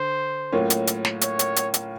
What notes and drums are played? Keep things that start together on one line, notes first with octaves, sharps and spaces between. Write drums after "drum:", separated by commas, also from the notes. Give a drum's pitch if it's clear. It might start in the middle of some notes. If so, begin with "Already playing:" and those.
Already playing: D3 C5
A2 F#3 A#3 C#4 F4
drum: hi-hat
drum: hi-hat
drum: snare
C#5, drum: hi-hat
drum: hi-hat
drum: hi-hat
drum: hi-hat